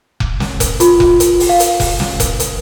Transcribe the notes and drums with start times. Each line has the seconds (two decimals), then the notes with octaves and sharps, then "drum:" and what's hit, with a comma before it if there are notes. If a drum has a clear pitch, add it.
0.20 drum: kick F1
0.40 drum: snare
0.60 drum: kick F1, hi-hat
0.80 F4, drum: hi-hat
1.00 drum: kick F1
1.20 drum: hi-hat
1.40 drum: open hi-hat
1.49 F5
1.60 drum: hi-hat
1.80 drum: kick F1, open hi-hat
2.00 drum: snare
2.20 drum: kick F1, hi-hat
2.40 drum: hi-hat